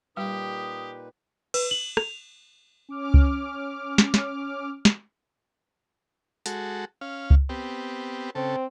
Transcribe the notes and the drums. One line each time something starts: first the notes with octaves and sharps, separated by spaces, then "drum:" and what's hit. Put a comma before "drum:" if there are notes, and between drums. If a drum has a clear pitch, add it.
A#2 G3 D#4 G4 B4 D#6
B4, drum: cymbal
F#7
F7, drum: rim click
C#4 D6 F6
drum: kick C#2
drum: snare
drum: snare
drum: snare
G#3 F#4 A4, drum: hi-hat
C#4 F5
drum: kick C#2
B3 C4 G4
C#3 C4 A4